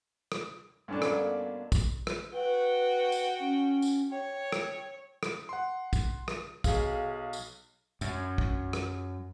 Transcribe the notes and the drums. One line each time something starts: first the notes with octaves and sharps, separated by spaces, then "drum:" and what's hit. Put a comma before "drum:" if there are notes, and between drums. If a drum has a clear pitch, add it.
drum: rim click
G2 D3 C#4 D4 A#4
B2 A#3, drum: rim click
drum: kick, tambourine
drum: rim click
F#4 B4 G5
drum: tambourine
C#4
drum: tambourine
C#5 G5
drum: rim click
drum: rim click
F#5 C6
drum: kick, tambourine
drum: rim click
B1 G#4 F5, drum: kick, tambourine
drum: tambourine
F#2, drum: tambourine
drum: kick
drum: rim click